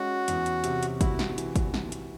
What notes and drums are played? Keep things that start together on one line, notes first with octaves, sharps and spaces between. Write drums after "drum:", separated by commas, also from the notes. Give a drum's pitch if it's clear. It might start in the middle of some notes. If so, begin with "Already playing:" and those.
Already playing: G#3 C#4 F#4
E2, drum: hi-hat
drum: hi-hat
C3, drum: hi-hat
drum: hi-hat
E4 F#4, drum: kick, hi-hat
drum: snare
E3, drum: hi-hat
drum: kick, hi-hat
drum: snare
drum: hi-hat